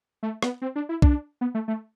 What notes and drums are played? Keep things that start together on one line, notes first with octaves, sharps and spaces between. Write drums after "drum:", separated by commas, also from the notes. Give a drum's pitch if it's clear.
A3
B3, drum: rim click
C4
D4
E4
D4, drum: kick B1
B3
A3
A3